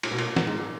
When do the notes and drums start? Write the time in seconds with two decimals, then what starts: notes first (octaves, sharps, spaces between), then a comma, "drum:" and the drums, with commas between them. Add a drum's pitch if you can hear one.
0.03 A#2, drum: cymbal
0.11 B2
0.19 A#2, drum: cymbal
0.36 G#2, drum: snare
0.47 G#2
0.57 A#2